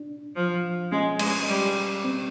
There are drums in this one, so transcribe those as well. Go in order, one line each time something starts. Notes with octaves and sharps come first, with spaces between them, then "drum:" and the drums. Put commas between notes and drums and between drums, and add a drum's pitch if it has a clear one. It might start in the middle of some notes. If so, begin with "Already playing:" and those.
Already playing: D4
F3
G#3 C#4
G#3, drum: cymbal
G3
C4